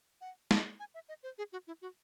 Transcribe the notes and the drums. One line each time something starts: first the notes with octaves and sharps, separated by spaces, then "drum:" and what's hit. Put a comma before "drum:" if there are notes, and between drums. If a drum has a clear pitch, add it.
F#5
A5, drum: snare
G#5
E5
D#5
C5
G#4
F#4
E4
F#4